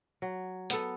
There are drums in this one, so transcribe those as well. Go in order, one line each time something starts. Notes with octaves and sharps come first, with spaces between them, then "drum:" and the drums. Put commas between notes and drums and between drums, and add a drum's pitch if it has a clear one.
F#3
B3 A4, drum: hi-hat